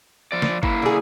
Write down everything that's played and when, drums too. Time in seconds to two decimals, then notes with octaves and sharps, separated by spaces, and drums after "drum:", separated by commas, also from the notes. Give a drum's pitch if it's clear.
0.32 F3 D5
0.42 drum: snare
0.63 A#3 E4, drum: kick G1
0.82 D3 G#4